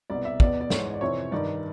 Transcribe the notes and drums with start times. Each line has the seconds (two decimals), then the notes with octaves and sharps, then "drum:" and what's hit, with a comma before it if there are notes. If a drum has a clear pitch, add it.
0.10 C2 B2 D5
0.25 E5
0.40 E2 B2 D5, drum: kick
0.61 D5
0.70 G#2 E3 C#5, drum: snare
0.94 D5
1.01 F2 C3 E3 C#5
1.31 G2 D#3 D5